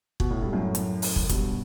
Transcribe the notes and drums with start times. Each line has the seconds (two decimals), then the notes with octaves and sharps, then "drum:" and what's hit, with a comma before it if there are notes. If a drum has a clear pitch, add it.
0.20 B2, drum: kick
0.30 A2
0.41 G2
0.52 F#2 A2
0.75 drum: hi-hat
1.02 drum: open hi-hat
1.16 drum: kick
1.29 G2 B2, drum: kick, hi-hat